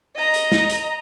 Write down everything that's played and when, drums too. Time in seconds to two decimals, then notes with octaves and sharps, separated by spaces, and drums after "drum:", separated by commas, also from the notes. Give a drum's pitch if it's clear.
0.16 D#5 A#5
0.34 drum: hi-hat
0.52 drum: snare
0.69 drum: hi-hat